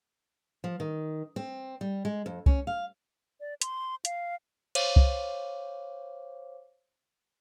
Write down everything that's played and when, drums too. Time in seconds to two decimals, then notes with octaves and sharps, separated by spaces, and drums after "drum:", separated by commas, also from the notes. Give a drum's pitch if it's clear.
0.64 F3
0.80 D#3
1.36 C4
1.81 G3
2.05 G#3
2.26 F2
2.46 C#4, drum: kick
2.67 F5
3.40 D5
3.62 C6, drum: hi-hat
4.05 F5, drum: hi-hat
4.75 C5 C#5 F5 D6, drum: cymbal
4.96 drum: kick